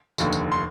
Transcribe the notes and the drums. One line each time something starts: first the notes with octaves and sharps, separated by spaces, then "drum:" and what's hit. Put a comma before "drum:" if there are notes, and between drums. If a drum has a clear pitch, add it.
F1 D#2 D3, drum: tambourine
drum: tambourine
C6